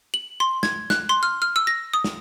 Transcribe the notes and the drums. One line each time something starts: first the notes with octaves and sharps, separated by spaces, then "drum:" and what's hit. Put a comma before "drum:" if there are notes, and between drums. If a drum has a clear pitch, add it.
F#7
C6
G#6, drum: snare
F#6, drum: snare
C6
F6
F6
E6
A#6
D#6
drum: snare